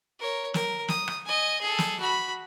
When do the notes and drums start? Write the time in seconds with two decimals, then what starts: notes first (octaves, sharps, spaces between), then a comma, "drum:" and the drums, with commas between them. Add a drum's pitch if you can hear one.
0.20 A#4 C#5
0.54 A#4, drum: snare
0.88 D#6, drum: snare
1.08 drum: rim click
1.26 D#5 G#5
1.61 G#4 A4
1.78 drum: snare
2.00 F#4 B5